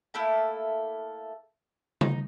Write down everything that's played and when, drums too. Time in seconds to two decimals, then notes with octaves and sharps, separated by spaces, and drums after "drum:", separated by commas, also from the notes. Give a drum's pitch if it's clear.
0.14 A3 A#3 E4 A4
2.01 D#4, drum: tom C#3